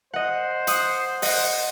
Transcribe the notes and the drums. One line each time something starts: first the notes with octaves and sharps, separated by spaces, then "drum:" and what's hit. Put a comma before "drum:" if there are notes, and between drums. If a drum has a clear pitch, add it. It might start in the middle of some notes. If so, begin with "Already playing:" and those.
C5 D#5 F#5
F#5 D#6, drum: hi-hat
D#5 F#5, drum: open hi-hat